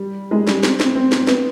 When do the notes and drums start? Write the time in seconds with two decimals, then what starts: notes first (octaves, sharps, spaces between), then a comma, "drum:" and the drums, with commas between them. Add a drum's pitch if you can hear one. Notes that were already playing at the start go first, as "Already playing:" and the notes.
Already playing: G3
0.31 G#3
0.47 G3, drum: snare
0.63 C4, drum: snare
0.80 C4, drum: snare
0.95 C4
1.12 C4, drum: snare
1.27 B3, drum: snare